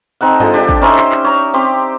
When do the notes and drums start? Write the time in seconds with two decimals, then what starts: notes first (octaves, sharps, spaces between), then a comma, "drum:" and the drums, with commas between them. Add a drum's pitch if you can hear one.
0.21 C4 D#4 A4 F#5
0.40 D3 F3 G#3 D#5, drum: tom G2
0.54 D4 G4 G5
0.69 drum: kick
0.82 C#4 D#4 C5 E5
0.98 drum: clap
1.12 drum: clap
1.24 C#5 A#5
1.54 C4 G4 C6